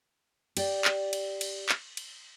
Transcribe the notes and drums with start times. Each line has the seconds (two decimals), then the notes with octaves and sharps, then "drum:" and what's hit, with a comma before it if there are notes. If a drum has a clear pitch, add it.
0.57 G4 D5, drum: cymbal
0.85 drum: clap
1.13 drum: cymbal
1.41 drum: cymbal
1.69 drum: clap
1.97 drum: cymbal